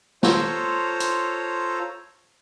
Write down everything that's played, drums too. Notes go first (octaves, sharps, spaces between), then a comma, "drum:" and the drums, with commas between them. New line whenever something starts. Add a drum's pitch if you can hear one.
F4 A4 C5 C#5 A#5, drum: snare
drum: hi-hat